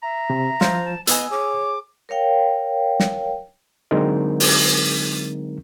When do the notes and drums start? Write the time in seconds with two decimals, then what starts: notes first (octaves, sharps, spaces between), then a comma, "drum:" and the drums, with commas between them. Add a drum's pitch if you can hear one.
0.03 E5 A#5
0.30 C3
0.61 F3 F4 C5, drum: snare
0.85 A5
1.07 B3 D#5 G#5 D#6 E6, drum: hi-hat
1.31 G#4 C#5 D6
2.09 A#4 C#5 F5 G5
3.00 drum: snare
3.91 D3 F#3 G#3 C4 D#4 A#4
4.40 drum: open hi-hat